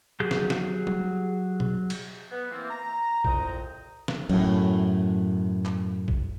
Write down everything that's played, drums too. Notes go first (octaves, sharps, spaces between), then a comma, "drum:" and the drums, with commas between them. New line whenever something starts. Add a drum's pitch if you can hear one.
F#3 G4 G#4 G6
drum: snare
drum: snare
drum: tom
drum: tom
drum: cymbal
B3
E3 A#3 C4
A#5
C2 F2 A#2 D#5 G5 A#5, drum: kick
drum: snare
F#2 A2, drum: cymbal
drum: clap
drum: kick